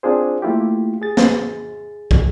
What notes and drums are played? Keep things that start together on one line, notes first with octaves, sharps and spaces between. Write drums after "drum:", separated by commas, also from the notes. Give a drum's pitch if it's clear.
C4 D4 F4 G#4 C5
A3 A#3 E4 F4 G4
G#4 A6
drum: snare
drum: kick